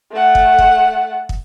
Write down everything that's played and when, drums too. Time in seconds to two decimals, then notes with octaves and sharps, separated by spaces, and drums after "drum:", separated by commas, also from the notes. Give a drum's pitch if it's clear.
0.11 A3 F#5
0.35 drum: kick
0.59 drum: kick
1.29 drum: kick